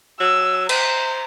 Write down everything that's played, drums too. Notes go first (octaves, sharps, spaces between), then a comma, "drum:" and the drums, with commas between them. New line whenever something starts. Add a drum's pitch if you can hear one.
F#3 E6
C5 A#5, drum: cymbal